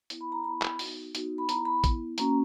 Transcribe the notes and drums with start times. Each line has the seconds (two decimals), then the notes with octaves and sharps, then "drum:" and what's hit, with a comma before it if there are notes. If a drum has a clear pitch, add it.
0.10 B3 E4, drum: hi-hat
0.21 B5
0.32 A#5
0.44 B3 E4 B5
0.62 drum: clap
0.79 B3 D#4 F#4, drum: open hi-hat
1.15 B3 D#4 F#4, drum: hi-hat
1.38 B5
1.49 B3 E4 A#5, drum: hi-hat
1.65 B5
1.84 B3 E4, drum: kick, hi-hat
2.18 A#3 C#4 F#4 A#5, drum: hi-hat